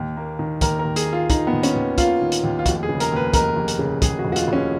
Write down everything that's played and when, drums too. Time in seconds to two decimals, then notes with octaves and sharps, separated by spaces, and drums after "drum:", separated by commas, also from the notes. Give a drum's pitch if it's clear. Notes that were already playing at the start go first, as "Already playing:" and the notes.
Already playing: D#2
0.17 A#3
0.39 D#3
0.61 D#2 A#4, drum: kick, hi-hat
0.79 A#4
0.84 D#2
0.96 G#4, drum: hi-hat
1.07 A#3
1.13 F4
1.30 D#3 D#4, drum: kick, hi-hat
1.47 B3
1.52 D#2
1.63 C#4, drum: hi-hat
1.75 D#2
1.98 A#3 F4, drum: kick, hi-hat
2.21 D#3
2.32 drum: hi-hat
2.44 D#2
2.59 F4
2.66 F1 F#4, drum: kick, hi-hat
2.83 G#4
2.89 C#3
3.00 A#4, drum: hi-hat
3.12 D#2 B4
3.34 F1 A#4, drum: kick, hi-hat
3.57 F1
3.68 drum: hi-hat
3.79 C#3
4.02 D#2 G#4, drum: kick, hi-hat
4.19 F#4
4.25 F1
4.32 F#4
4.36 F4, drum: hi-hat
4.48 F1 C#4